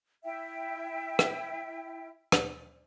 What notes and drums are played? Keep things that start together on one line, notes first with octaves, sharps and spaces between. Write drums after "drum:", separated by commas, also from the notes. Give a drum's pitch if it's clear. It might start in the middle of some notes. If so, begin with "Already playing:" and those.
E4 E5 G5
drum: rim click
drum: rim click